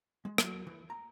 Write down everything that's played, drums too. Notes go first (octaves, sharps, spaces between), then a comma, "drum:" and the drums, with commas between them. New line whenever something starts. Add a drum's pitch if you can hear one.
G#3
F#3, drum: rim click
E3
A#5